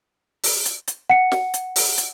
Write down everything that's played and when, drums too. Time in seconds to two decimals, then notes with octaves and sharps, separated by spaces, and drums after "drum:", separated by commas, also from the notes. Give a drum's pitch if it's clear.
0.43 drum: open hi-hat
0.65 drum: hi-hat
0.87 drum: hi-hat
1.10 F#5 C#7
1.32 drum: snare
1.54 drum: hi-hat
1.76 drum: open hi-hat
1.98 drum: hi-hat